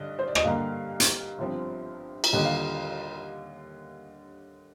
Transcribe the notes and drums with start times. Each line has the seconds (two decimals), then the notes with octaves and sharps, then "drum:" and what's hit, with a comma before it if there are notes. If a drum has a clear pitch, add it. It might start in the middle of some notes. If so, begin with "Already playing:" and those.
Already playing: G2 D3 D5 D#5
0.19 C5
0.27 D5
0.35 D#5, drum: rim click
0.44 G2 D3 G3 A#3 F5
1.00 drum: hi-hat
1.38 G1 G2 F3 C4
2.24 drum: cymbal
2.33 D#2 D3 G3 D#5
2.45 F5